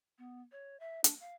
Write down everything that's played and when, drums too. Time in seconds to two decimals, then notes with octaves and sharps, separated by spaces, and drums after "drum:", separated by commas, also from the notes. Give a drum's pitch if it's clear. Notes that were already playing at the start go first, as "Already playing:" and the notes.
0.18 B3
0.52 C#5
0.80 E5
1.04 D4, drum: hi-hat
1.20 F5